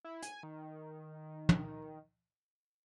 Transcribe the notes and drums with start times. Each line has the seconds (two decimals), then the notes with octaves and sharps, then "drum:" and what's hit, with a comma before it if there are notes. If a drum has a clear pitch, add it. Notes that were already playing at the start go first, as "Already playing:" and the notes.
0.04 E4
0.22 G#5, drum: hi-hat
0.43 D#3
1.49 drum: tom